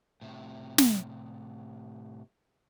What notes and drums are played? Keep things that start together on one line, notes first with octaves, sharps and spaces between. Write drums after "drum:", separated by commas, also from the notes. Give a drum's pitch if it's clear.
A2 C3
drum: snare